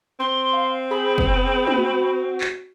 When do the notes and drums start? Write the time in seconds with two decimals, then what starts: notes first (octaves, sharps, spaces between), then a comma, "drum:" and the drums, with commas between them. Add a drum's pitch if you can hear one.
0.20 C4 C6
0.53 F5
0.91 G#4 B5
1.18 drum: kick
1.67 drum: tom
1.78 F#4
2.41 drum: clap